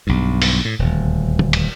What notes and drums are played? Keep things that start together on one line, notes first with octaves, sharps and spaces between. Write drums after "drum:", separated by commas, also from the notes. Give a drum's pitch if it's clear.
B1 G2
drum: open hi-hat
A2
D#1 D2
drum: tom
drum: cymbal